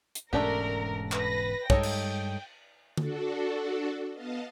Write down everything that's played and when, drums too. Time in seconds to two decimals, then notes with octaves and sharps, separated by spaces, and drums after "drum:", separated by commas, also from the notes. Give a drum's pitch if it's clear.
0.15 drum: hi-hat
0.33 E1 G#2 A3 C#4 D4 G4 A#4
1.12 B4 A#6, drum: clap
1.70 G2 G3 G#3 D#4 A4 C#5 G5, drum: kick
1.83 drum: cymbal
2.97 D4 F#4 A4, drum: tom D3
4.12 B3 D#5 F5 A5